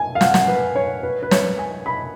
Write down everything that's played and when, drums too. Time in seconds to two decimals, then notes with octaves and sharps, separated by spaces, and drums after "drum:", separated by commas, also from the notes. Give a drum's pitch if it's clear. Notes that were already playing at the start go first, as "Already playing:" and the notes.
Already playing: G#5
0.15 F5
0.21 F#5, drum: snare
0.34 drum: snare
0.48 B4
0.76 C#5
1.03 B4
1.23 B4
1.31 C#5, drum: snare
1.59 G#5
1.86 B5